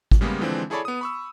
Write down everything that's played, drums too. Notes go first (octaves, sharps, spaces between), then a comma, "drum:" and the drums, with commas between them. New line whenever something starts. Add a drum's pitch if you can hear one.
drum: kick G#1
C#3 G3 G#3 A#3 B3
D3 E3 F3 G#3 C4 D4
E4 G#4 A4 C#5 D5 B5
B3 D#6
B5 C#6 E6